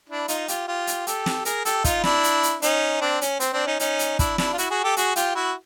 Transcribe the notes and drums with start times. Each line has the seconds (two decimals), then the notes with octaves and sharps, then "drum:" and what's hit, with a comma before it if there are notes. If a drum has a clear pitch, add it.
0.09 D4 E4
0.28 D#4 F4, drum: hi-hat
0.48 F4 G4, drum: hi-hat
0.68 F4 G4
0.87 drum: hi-hat
1.07 G4 A4, drum: hi-hat
1.26 drum: snare
1.45 G#4 A#4, drum: hi-hat
1.65 G4 A4, drum: hi-hat
1.84 D#4 F4, drum: kick, hi-hat
2.04 D4 E4, drum: snare
2.24 drum: hi-hat
2.43 drum: hi-hat
2.62 C#4 D#4, drum: hi-hat
3.01 C4 D4
3.21 C#4, drum: hi-hat
3.40 C4, drum: hi-hat
3.53 C4 D4
3.66 C#4 D#4
3.80 C#4 D#4, drum: hi-hat
3.99 drum: hi-hat
4.19 D4 E4, drum: kick, hi-hat
4.38 D4 E4, drum: snare
4.53 F4
4.58 E4 F#4, drum: hi-hat
4.70 F#4 G#4
4.83 G4 A4
4.97 F#4 G#4, drum: hi-hat
5.16 F4 G4, drum: hi-hat
5.35 E4 F#4